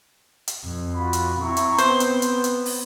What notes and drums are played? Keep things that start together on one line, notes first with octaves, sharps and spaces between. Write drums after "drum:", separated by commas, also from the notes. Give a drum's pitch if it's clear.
drum: hi-hat
F2
F4 F#4 B5
drum: hi-hat
C4 E4 A#5 C#6
drum: hi-hat
B3 C5, drum: hi-hat
drum: hi-hat
drum: hi-hat
drum: hi-hat
drum: open hi-hat